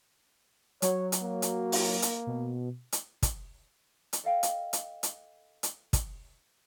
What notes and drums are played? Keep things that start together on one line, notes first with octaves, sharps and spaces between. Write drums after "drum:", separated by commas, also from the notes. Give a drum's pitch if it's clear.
F#3 C#5, drum: hi-hat
drum: hi-hat
A#3
drum: hi-hat
drum: open hi-hat
drum: hi-hat
B2
drum: hi-hat
drum: kick, hi-hat
drum: hi-hat
A4 D#5 F5 G5
drum: hi-hat
drum: hi-hat
drum: hi-hat
drum: hi-hat
drum: kick, hi-hat